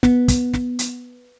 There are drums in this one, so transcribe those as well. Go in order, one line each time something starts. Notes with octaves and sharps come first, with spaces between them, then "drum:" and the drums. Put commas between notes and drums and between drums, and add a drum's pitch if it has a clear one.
B3, drum: snare
drum: kick, hi-hat
drum: snare
drum: hi-hat